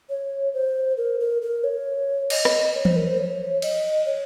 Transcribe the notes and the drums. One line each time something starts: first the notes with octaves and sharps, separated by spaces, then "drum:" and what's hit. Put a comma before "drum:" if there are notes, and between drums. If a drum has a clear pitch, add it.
C#5
C5
A#4
A#4
A#4
C#5
D#5, drum: cymbal
drum: rim click
C#5
C5, drum: tom E3
A#4
C5
C#5
D#5, drum: cymbal
C#5